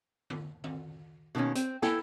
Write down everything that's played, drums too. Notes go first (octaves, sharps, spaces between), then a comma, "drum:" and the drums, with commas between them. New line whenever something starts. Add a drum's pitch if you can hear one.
drum: tom
drum: tom
B2 D#3 G#3 A#3 C#4
C4, drum: hi-hat
E4 A4 G5 G#5, drum: snare